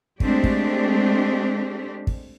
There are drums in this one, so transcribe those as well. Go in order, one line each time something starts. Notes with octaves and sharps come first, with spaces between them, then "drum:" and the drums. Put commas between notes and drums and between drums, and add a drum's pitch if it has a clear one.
G#3 A3 C4 D4 G4, drum: kick
drum: kick
drum: kick